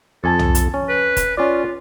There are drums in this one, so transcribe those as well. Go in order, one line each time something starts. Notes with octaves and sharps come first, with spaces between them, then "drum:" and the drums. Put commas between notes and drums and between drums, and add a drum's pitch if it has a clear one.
F2 A4 G#5 A5
drum: tom
drum: hi-hat
C#4
B4
drum: kick, hi-hat
C#4 F4 D5